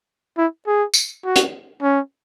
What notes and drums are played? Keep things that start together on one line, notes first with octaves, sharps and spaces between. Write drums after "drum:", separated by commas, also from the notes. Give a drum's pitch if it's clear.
E4
G#4
drum: tambourine
F#4
drum: hi-hat
C#4